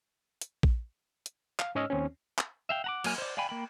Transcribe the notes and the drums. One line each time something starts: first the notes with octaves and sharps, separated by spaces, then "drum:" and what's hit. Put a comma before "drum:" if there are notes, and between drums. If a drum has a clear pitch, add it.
drum: hi-hat
drum: kick A#1
drum: hi-hat
F5, drum: clap
G#2 C#4 C#5 D#5 E6 F6
D#2 C4 C#4
drum: clap
E5 F5 G5
F#5 A#5 D6
F#3 A#3 G#5 F6, drum: cymbal
C5 D5
D5 F5 G5 G#5 B5
A#3 G5 B5